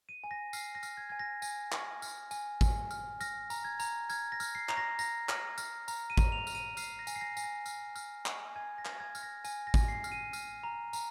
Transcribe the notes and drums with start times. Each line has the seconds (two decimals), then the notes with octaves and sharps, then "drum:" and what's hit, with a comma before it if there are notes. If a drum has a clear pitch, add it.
0.09 D#7
0.24 G#5
0.31 A#6
0.53 F6 C7, drum: tambourine
0.75 A#6
0.83 F6, drum: tambourine
0.97 G#6
1.09 G#5 G#6
1.19 A#6
1.42 G#5, drum: tambourine
1.72 F6, drum: clap
2.02 F6, drum: tambourine
2.31 G#5, drum: tambourine
2.61 G#5, drum: kick G#1, tambourine
2.91 F6, drum: tambourine
3.21 F6 A#6, drum: tambourine
3.50 A#5, drum: tambourine
3.64 G#6
3.80 A#5, drum: tambourine
4.09 F6 G#6, drum: tambourine
4.32 A#6
4.40 F6, drum: tambourine
4.55 C7
4.69 A#5, drum: clap
4.77 A#6
4.99 A#5 A#6, drum: tambourine
5.29 F6, drum: clap
5.58 F6, drum: tambourine
5.88 A#5, drum: tambourine
6.10 D#7
6.17 A#5, drum: kick G#1, tambourine
6.32 F7
6.47 F6, drum: tambourine
6.55 D#7
6.77 F6 C7, drum: tambourine
6.99 A#6
7.07 G#5, drum: tambourine
7.16 C7
7.21 A#6
7.37 G#5, drum: tambourine
7.44 A#6
7.66 F6, drum: tambourine
7.95 F6, drum: tambourine
8.26 G#5, drum: clap
8.56 G#5 G#6
8.78 A#6
8.85 F6, drum: clap
9.00 G#6
9.15 F6, drum: tambourine
9.23 A#6
9.44 G#5, drum: tambourine
9.67 A#6
9.74 G#5, drum: kick G#1, tambourine
9.88 C7
10.04 F6, drum: tambourine
10.12 D#7
10.33 F6, drum: tambourine
10.64 A#5
10.93 A#5, drum: tambourine